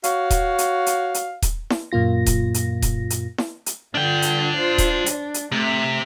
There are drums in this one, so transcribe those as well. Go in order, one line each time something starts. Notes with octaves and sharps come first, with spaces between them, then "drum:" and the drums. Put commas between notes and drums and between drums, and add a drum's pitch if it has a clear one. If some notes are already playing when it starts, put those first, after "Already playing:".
F#4 C#5 F5, drum: hi-hat
drum: kick D#1, hi-hat
drum: hi-hat
drum: hi-hat
drum: hi-hat
drum: kick D#1, hi-hat
drum: snare E4
F#2 A#2 A#3 F4 A#6
drum: kick D#1, hi-hat
drum: hi-hat
drum: kick D#1, hi-hat
drum: hi-hat
drum: snare E4
drum: hi-hat
D3 D4 F4 G5
drum: hi-hat
F4 C5
drum: kick D#1, hi-hat
D4, drum: hi-hat
drum: hi-hat
C3 A3 E5